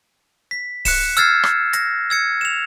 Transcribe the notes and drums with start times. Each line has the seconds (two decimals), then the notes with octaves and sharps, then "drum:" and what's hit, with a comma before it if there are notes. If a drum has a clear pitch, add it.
0.51 B6
0.85 F#6 C#7 E7, drum: kick D1, open hi-hat
1.17 E6 F6 G#6 A6 C7, drum: hi-hat
1.44 drum: rim click
1.73 A#6, drum: hi-hat
2.10 E6 G#6 C#7
2.41 E7 F7